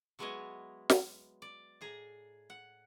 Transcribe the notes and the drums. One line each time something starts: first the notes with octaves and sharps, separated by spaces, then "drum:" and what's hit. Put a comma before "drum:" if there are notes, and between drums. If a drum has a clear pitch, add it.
F#3 G#3 B3 E4 C#5 D#5
drum: snare
D5
A2 G#4 A#5
F#5